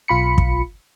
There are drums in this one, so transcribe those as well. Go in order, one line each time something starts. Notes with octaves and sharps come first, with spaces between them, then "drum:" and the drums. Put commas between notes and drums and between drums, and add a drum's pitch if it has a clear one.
B1 F4 B5 C#7
drum: kick